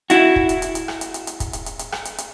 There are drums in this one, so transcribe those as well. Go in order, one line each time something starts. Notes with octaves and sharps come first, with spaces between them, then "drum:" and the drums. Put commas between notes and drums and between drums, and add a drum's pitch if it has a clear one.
E4 F#4, drum: hi-hat
drum: kick
drum: hi-hat
drum: hi-hat
drum: hi-hat
drum: rim click
drum: hi-hat
drum: hi-hat
drum: hi-hat
drum: kick, hi-hat
drum: hi-hat
drum: hi-hat
drum: hi-hat
drum: rim click
drum: hi-hat
drum: hi-hat